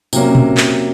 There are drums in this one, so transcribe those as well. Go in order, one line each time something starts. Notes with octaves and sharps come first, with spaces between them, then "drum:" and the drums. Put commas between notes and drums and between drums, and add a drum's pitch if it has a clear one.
C3 F#3 A#3 C#4, drum: tambourine
drum: tom A#2
drum: clap